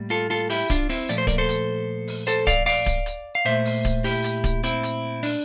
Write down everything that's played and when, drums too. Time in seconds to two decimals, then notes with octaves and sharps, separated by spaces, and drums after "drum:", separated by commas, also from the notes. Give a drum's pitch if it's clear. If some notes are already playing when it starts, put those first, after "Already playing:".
Already playing: A2 G3 A#3
0.10 F4 A4
0.30 F4 A4
0.50 E4 G4, drum: open hi-hat
0.70 D4 F4, drum: kick D1, hi-hat
0.89 C4 E4, drum: open hi-hat
1.09 A#2 F3 A3 D5, drum: hi-hat
1.18 C5
1.27 A#4 D5, drum: kick D1, hi-hat
1.38 A4 C5
1.48 drum: hi-hat
2.08 drum: open hi-hat
2.27 A4 C5, drum: hi-hat
2.47 D5 F5, drum: kick D1, hi-hat
2.66 D5 F5, drum: open hi-hat
2.86 drum: kick D1, hi-hat
3.06 drum: hi-hat
3.35 F5
3.45 A#2 A3 C5 E5
3.65 drum: open hi-hat
3.85 drum: kick D1, hi-hat
4.04 E4 G4, drum: open hi-hat
4.24 drum: hi-hat
4.44 drum: kick D1, hi-hat
4.63 C4 E4, drum: hi-hat
4.83 drum: hi-hat
5.23 D4, drum: open hi-hat